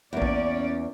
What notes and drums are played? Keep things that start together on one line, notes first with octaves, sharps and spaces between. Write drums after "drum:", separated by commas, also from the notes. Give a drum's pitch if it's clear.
E2 A#3 C#4 D5
drum: kick A#1